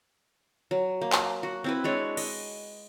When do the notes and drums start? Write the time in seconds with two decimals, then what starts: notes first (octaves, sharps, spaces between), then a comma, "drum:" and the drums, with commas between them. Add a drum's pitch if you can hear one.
0.71 F#3
1.01 A#3
1.12 drum: clap
1.43 F#4
1.64 C4 E4 B4
1.84 G#3 D4 C#5
2.17 D#5, drum: cymbal